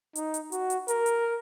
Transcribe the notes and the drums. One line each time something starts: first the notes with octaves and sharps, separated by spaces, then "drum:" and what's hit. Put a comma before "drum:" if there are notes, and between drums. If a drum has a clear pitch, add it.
D#4, drum: hi-hat
drum: hi-hat
F#4, drum: hi-hat
drum: hi-hat
A#4, drum: hi-hat
drum: hi-hat